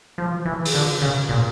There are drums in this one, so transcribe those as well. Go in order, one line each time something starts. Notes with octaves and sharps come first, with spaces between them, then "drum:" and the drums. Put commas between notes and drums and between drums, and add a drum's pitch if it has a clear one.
F3
E3
drum: open hi-hat
D3
C#3
A#2